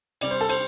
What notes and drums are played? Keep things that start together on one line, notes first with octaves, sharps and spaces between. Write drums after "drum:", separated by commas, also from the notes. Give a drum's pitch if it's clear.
C3 G3 D5, drum: cymbal
C5
A4
C5, drum: cymbal